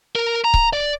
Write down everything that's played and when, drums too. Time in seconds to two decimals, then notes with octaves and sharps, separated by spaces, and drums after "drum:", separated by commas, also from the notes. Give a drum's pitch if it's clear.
0.16 A#4
0.44 A#5
0.54 drum: kick C#1
0.73 D5